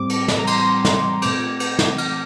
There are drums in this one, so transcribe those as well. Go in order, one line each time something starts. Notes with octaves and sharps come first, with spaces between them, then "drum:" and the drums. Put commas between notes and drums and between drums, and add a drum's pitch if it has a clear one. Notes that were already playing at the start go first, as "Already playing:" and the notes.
Already playing: A2 G3 C4 D6
drum: cymbal
drum: snare
A#5
C6, drum: cymbal
drum: snare
A#2 A3 C4 D6, drum: cymbal
drum: cymbal
drum: snare
F6, drum: cymbal